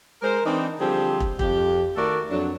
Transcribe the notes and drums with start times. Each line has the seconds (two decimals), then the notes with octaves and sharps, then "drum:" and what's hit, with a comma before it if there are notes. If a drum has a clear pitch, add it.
0.22 G#3 A#4 C5
0.44 E3 C4 D4 D#4
0.79 D3 F3 G3 C4 G4 G#4
1.20 drum: kick
1.39 F2 G4, drum: kick
1.96 D#3 A3 F#4 A4 A#4 D5
2.30 F2 F#3 D4